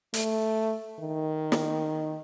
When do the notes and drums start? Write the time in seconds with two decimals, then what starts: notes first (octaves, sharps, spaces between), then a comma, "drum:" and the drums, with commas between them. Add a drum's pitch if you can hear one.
0.14 A3, drum: hi-hat
0.99 D#3
1.52 drum: snare